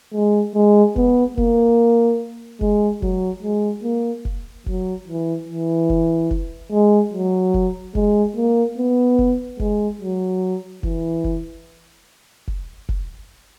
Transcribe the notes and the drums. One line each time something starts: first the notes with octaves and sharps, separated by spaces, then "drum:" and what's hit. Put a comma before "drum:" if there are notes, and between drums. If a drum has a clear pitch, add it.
G#3
G#3
B3, drum: kick F1
A#3, drum: kick F1
G#3, drum: kick F1
F#3, drum: kick F1
G#3
A#3
drum: kick F1
F#3, drum: kick F1
E3
E3
drum: kick F1
drum: kick F1
G#3
F#3
drum: kick F1
G#3, drum: kick F1
A#3
B3
drum: kick F1
G#3, drum: kick F1
F#3
E3, drum: kick F1
drum: kick F1
drum: kick F1
drum: kick F1